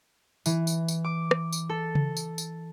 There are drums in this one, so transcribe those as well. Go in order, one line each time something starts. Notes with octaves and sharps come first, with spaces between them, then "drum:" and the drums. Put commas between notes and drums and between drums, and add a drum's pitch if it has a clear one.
E3, drum: tambourine
drum: tambourine
drum: tambourine
D6
drum: rim click
drum: tambourine
A4
drum: tom C#3
drum: tambourine
drum: tambourine